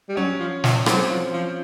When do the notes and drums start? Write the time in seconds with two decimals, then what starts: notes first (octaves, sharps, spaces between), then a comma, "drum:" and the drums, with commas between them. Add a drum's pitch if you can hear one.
0.09 G3
0.16 F#3 C#4
0.40 F3
0.64 F3, drum: snare
0.86 F#3 C4, drum: rim click
1.03 F#3
1.10 F3
1.33 F3